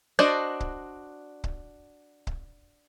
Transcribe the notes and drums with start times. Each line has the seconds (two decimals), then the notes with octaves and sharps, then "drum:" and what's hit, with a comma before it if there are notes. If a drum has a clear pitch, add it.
0.19 D4 F#4 C5 D5 D#5
0.60 drum: kick C#1
1.44 drum: kick C#1
2.27 drum: kick C#1